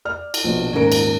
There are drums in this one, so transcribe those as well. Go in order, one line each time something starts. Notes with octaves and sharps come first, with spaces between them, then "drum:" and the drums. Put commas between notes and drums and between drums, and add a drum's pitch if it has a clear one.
D5 F6
drum: cymbal
A#1 B2 D4
D#1 G#2 C#4 A#4 D7
drum: cymbal